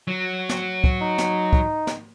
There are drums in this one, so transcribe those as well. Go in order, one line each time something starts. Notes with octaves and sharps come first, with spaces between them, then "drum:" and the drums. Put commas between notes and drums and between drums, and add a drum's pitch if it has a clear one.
F#3
drum: snare
drum: kick
D#4
drum: snare
drum: kick
drum: snare